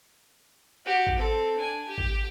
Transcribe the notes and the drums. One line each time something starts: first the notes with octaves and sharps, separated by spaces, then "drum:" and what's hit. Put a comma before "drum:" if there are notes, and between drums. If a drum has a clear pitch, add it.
F#4 G4
drum: kick A1
C4 A4
D4 G#5
G4
drum: kick A1